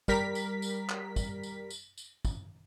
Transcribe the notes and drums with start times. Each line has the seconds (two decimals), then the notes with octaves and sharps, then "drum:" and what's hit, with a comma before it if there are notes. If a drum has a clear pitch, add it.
0.08 G3 A#4 B6, drum: kick, tambourine
0.35 drum: tambourine
0.62 drum: tambourine
0.89 drum: clap
1.16 drum: kick, tambourine
1.43 drum: tambourine
1.70 drum: tambourine
1.98 drum: tambourine
2.25 drum: kick, tambourine